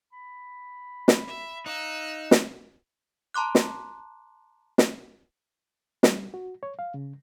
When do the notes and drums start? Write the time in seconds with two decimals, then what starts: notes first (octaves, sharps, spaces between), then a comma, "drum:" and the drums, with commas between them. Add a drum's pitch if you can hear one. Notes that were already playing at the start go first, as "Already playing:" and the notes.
0.13 B5
1.08 drum: snare
1.27 E5
1.66 D#4 F5 E6 F#6
2.31 drum: snare
3.34 A5 A#5 C6 D6 F#6
3.55 drum: snare
4.78 drum: snare
6.03 G3, drum: snare
6.34 F#4
6.63 C#5
6.79 F5
6.94 C#3